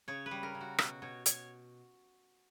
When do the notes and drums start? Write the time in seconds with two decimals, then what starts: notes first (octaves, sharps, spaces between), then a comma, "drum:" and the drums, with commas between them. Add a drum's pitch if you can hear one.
0.08 C#3 C#5
0.26 B4
0.31 G3
0.43 A#4
0.55 C#3
0.61 F#4
0.78 B2 F#4, drum: rim click
1.02 B2 C#5
1.26 B2 C#5, drum: hi-hat